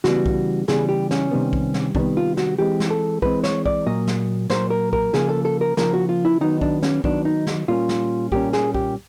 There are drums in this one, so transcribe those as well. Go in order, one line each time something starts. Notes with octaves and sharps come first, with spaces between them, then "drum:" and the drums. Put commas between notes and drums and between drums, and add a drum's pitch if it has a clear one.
C#3 E3 G3 B3 F#4, drum: snare
drum: kick B1
C#3 E3 G3 B3 G#4, drum: snare
G4
C#4, drum: snare
C3 D#3 G3 B3
drum: kick B1
drum: snare
C3 D#3 G3 B3 D4, drum: kick B1
F4
F#4, drum: snare
E3 G#3 C4 G4
drum: snare
A4
E3 G#3 C4 B4, drum: kick B1
C#5, drum: snare
D5, drum: kick B1
A#2 F#3 A#3 D#5
drum: snare
A#2 F#3 A#3 C5, drum: snare
A#4
A#4, drum: kick B1
C#3 F3 A#3 G#4, drum: snare
A4
A4
A#4
C#3 F3 A#3 A#4, drum: snare
F#4
F4
E4
D#3 F#3 B3 D#4
D4, drum: kick B1
C#4, drum: snare
D#3 F#3 B3 D4, drum: kick B1
D#4
drum: snare
A#2 G3 A#3 C#4 F4
drum: snare
A#2 G3 A#3 C#4 G4, drum: kick B1
G#4, drum: snare
G4, drum: kick B1